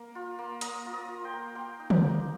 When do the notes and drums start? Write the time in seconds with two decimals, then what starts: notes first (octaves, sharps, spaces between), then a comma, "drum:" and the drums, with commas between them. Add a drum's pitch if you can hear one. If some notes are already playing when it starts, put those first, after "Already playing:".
Already playing: A#3
0.15 F4
0.39 A#3
0.61 A#3 A#5 D#6, drum: hi-hat
0.86 F4
0.93 A#5 D#6
1.08 F4
1.24 G5 C6
1.33 A#3
1.55 A#3 G5 C6
1.79 D#4
1.90 drum: tom
2.03 A#3